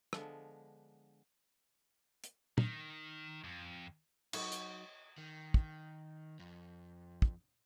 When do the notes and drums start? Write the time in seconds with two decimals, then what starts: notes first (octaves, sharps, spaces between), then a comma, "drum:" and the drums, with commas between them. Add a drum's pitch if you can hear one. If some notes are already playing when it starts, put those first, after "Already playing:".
0.13 D3 F3 G#3 B3, drum: rim click
2.24 drum: hi-hat
2.58 D#3, drum: tom
3.44 F2
4.33 F#3 D#4 C#5 D#5, drum: cymbal
4.52 drum: hi-hat
5.18 D#3
5.54 drum: kick
6.39 F2
7.22 drum: kick